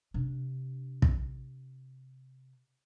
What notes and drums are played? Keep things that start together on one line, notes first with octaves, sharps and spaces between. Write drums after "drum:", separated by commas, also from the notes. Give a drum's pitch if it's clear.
C3 D4
drum: kick